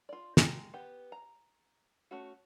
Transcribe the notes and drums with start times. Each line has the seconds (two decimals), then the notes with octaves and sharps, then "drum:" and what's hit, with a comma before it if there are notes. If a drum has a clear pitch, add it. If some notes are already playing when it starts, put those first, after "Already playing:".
0.09 F4 D5
0.37 G#3 G4 G5 A#5, drum: snare
0.74 B3 G4
1.12 A#5
2.11 A3 C#4 F#4